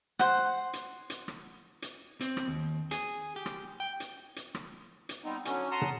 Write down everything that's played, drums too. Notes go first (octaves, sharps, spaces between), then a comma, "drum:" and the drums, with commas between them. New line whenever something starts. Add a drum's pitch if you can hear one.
C5 F#5, drum: rim click
drum: hi-hat
drum: hi-hat
drum: rim click
drum: hi-hat
C4, drum: hi-hat
drum: rim click
D#2
G#4, drum: hi-hat
G4
drum: rim click
G5
drum: hi-hat
drum: hi-hat
drum: rim click
drum: hi-hat
G3 B3 C4 D#4
D3 F#3 C#4, drum: hi-hat
F#5 A5 A#5 C6 D#6
drum: tom